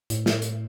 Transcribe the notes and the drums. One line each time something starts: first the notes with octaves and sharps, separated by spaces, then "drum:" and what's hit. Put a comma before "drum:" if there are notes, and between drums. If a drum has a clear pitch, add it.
A2, drum: hi-hat
drum: snare
drum: hi-hat